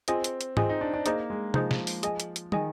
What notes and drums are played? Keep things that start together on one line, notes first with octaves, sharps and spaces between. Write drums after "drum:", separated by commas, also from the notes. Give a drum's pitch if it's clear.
C4 F4 G#4 D#5 G#5, drum: hi-hat
drum: hi-hat
drum: hi-hat
C4 F4 G#4 D#5 G#5, drum: tom G#2
D#4
D4
D4
A#3 D#4 G#4 C5 D#5, drum: hi-hat
G#3
F3 D#4 G#4 C5 D#5, drum: tom C3
drum: snare
drum: open hi-hat
G#4 D#5 G#5, drum: hi-hat
drum: hi-hat
drum: hi-hat
D#3 G#4 D#5 G#5, drum: tom